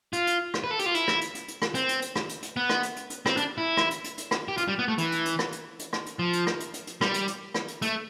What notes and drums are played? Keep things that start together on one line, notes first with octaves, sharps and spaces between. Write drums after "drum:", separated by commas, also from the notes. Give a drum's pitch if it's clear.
F4, drum: hi-hat
drum: hi-hat
drum: rim click
B4
A4
G4, drum: hi-hat
F4
E4, drum: hi-hat
drum: rim click
drum: hi-hat
drum: hi-hat
drum: hi-hat
drum: rim click
C4, drum: hi-hat
drum: hi-hat
drum: hi-hat
drum: rim click
drum: hi-hat
drum: hi-hat
B3
drum: rim click
drum: hi-hat
drum: hi-hat
drum: hi-hat
C4, drum: rim click
D4, drum: hi-hat
E4
drum: rim click
drum: hi-hat
drum: hi-hat
drum: hi-hat
drum: rim click
G4
F4, drum: hi-hat
G3
B3
A3
E3, drum: hi-hat
drum: hi-hat
drum: hi-hat
drum: rim click
drum: hi-hat
drum: hi-hat
drum: rim click
drum: hi-hat
F3
drum: hi-hat
drum: rim click
drum: hi-hat
drum: hi-hat
drum: hi-hat
G3, drum: rim click
drum: hi-hat
drum: hi-hat
drum: rim click
drum: hi-hat
A3, drum: hi-hat